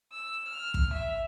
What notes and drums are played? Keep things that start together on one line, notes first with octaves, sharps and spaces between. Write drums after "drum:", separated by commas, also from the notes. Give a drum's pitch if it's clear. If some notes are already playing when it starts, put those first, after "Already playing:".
E6
F6
drum: kick
E5